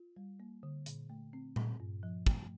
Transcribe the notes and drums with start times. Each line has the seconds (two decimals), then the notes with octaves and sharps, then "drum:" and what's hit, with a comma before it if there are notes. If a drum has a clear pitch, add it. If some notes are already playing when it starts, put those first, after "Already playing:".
Already playing: F4
0.16 G3
0.40 A#3
0.63 D3
0.86 A#2, drum: hi-hat
1.10 A3
1.33 C4
1.56 A#2, drum: tom A#2
1.80 G2
2.03 F3
2.26 A3, drum: kick